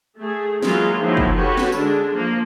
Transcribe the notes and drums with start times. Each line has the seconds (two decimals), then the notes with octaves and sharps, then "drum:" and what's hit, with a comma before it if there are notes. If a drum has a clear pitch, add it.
0.18 A3 G#4
0.62 E3 F#3 G#3 A#3 F4 G#4, drum: snare
1.00 D#3 F3 F#3 A#3 E4
1.17 drum: kick
1.36 F#4 G4 A4 B4 C#5
1.57 drum: snare
1.72 D3 G#3 D4, drum: tambourine
2.13 F3 A#3